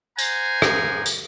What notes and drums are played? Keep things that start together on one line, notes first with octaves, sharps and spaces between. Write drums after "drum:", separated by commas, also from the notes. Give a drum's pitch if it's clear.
C5 F#5 G#5 A#5, drum: tambourine
drum: rim click
drum: tambourine